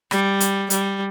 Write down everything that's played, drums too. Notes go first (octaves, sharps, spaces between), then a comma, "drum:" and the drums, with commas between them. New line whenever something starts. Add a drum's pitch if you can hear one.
G3, drum: rim click
drum: hi-hat
G3, drum: hi-hat